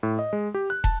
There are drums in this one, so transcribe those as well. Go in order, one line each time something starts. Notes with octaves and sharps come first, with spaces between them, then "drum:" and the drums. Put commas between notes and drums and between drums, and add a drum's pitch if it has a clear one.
A2
D#5
G#3
G4
F#6
A5, drum: kick